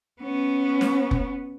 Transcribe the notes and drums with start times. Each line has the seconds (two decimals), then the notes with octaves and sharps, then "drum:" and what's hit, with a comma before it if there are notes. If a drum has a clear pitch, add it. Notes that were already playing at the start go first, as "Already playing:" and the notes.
0.21 B3 C#4
0.81 drum: snare
1.11 drum: kick F1